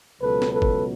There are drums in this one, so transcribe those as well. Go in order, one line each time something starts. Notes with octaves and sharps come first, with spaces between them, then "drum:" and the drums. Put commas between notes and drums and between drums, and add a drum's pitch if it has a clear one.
C#2 B2 F#3 A4 B4
drum: snare
A4 B4
drum: kick G1